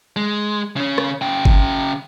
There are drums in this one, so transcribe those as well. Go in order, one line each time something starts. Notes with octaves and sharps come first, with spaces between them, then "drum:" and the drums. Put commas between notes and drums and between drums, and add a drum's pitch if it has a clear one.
G#3
C#3 C#4
drum: rim click
C#3 G5
drum: kick G1